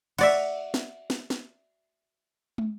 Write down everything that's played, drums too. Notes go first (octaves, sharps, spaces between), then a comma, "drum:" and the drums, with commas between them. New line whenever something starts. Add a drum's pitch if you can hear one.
F#4 D5 E5, drum: cymbal
drum: snare
drum: snare
drum: snare
drum: tom